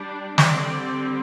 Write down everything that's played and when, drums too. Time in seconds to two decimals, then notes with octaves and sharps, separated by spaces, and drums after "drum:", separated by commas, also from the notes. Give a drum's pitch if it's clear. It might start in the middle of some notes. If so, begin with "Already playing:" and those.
Already playing: G3 D4
0.38 D3 G3 C4 D5, drum: snare